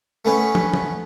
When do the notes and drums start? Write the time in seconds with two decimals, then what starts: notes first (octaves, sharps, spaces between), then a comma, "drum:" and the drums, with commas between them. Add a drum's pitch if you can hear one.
0.25 A3 B3 C#4 B4
0.55 drum: tom
0.73 drum: tom